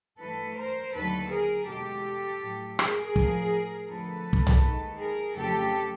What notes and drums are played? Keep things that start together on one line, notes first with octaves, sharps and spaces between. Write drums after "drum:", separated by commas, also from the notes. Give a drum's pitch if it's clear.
G2 E3 A3 A4 B4
A#4 C5
D#2 D3 F#3 A3 A4 B4
G#4 A#4
E2 B2 G#3 G4 A4
A2 F#3 A3
G#4 A#4, drum: rim click
A2 F3 A3, drum: kick
F2 D3 F3 A3 A4 B4
drum: kick
drum: tom
D#2 D#3 G#3
G#4 A#4
F2 C#3 F#3 A3 G4 A4